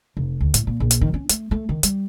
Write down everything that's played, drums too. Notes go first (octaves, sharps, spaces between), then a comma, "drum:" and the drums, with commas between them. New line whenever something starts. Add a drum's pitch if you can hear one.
F1
D2
A2, drum: hi-hat
A#2
A#1
drum: hi-hat
D#3
C#4
A3, drum: hi-hat
A3
D#3
G3, drum: hi-hat